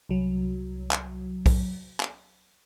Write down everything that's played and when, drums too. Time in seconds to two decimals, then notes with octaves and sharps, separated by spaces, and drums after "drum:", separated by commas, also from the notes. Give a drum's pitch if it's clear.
0.09 C2 F#3
0.91 drum: clap
1.46 drum: kick B1, open hi-hat
2.00 drum: clap